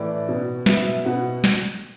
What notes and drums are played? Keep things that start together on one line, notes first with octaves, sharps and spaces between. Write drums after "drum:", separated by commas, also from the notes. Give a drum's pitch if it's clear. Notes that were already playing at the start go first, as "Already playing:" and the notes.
Already playing: A2 E3 D5
B2
B2 E5, drum: snare
E5
B2 F#5
drum: snare